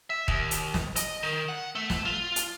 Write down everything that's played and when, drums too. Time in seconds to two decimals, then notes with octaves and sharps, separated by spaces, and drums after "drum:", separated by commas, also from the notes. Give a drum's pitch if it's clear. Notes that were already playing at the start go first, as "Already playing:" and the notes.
0.10 E5
0.28 D#2, drum: kick D#1
0.51 drum: hi-hat
0.74 drum: snare
0.96 D#5, drum: hi-hat
1.23 D#3
1.49 F#5
1.75 A3
1.90 drum: snare
2.05 F4
2.36 drum: hi-hat